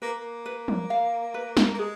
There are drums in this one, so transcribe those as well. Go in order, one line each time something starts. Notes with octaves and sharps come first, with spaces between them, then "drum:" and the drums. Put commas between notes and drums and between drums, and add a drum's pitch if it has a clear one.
A#3 B4
A#3
B4
drum: tom
F5
B4
drum: snare
A#3
G#3 G#4